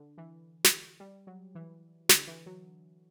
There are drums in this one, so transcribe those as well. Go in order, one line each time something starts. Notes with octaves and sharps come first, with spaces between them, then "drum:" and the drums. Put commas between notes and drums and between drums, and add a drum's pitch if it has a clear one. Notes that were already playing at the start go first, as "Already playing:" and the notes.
Already playing: D3
E3
drum: snare
G3
F#3
E3
D3, drum: snare
E3
F#3